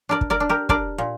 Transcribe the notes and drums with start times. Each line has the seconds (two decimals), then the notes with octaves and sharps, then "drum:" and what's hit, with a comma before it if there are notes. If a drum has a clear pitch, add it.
0.09 D4 A#4 D5
0.21 drum: kick
0.30 A#4 D5
0.40 D4
0.49 G4 A#4
0.69 D4 A#4 D5, drum: kick
0.98 A#2